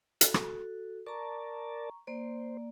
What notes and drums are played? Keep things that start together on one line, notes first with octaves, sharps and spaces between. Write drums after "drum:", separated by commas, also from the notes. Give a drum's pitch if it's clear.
F#4 A4, drum: hi-hat
drum: rim click
A#4 D5 A5 A#5 C#6
A#3 C5 D5